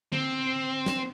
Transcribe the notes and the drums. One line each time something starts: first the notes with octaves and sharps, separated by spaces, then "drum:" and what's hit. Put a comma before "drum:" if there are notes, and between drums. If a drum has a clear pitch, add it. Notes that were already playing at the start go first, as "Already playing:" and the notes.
C4, drum: tom D3
drum: snare